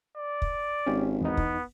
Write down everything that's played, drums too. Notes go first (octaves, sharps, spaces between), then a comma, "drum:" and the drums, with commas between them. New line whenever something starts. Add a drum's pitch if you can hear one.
D5
drum: kick
G#1 C#4 G4
E2 B3 D#4
drum: kick